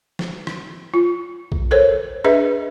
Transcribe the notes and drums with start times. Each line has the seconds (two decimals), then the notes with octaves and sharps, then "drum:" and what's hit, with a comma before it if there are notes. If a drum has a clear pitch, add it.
0.19 drum: snare
0.47 drum: rim click
0.94 F4
1.52 drum: kick
1.71 A4 A#4 C5 C#5
2.24 D4 G#4 B4 D#5 E5